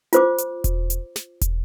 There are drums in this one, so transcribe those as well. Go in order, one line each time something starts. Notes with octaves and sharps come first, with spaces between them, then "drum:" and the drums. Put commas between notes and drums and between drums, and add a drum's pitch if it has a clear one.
F4 C5 D6, drum: hi-hat
drum: hi-hat
drum: kick E1, hi-hat
drum: hi-hat
drum: snare
drum: kick E1, hi-hat